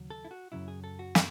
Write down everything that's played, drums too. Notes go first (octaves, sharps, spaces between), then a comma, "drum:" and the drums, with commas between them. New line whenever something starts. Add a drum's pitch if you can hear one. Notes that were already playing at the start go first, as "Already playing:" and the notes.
Already playing: D#2 C#3 F#3
A4
E4
F#4
F#2 C#3 F#3 E4
G#4
A4
F#4
drum: snare